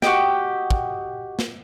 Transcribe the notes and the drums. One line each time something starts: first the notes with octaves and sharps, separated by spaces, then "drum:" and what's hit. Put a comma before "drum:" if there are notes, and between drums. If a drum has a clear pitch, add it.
F#4 G4 D#5 G5, drum: snare
drum: kick
drum: snare